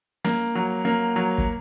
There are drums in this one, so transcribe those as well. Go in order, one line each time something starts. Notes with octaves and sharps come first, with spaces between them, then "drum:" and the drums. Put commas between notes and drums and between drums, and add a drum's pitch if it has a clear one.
A#3, drum: snare
F#3
A#3
F#3
drum: kick